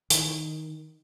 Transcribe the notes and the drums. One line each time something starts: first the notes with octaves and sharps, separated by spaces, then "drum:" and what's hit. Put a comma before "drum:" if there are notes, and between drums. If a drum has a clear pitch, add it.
D#3, drum: hi-hat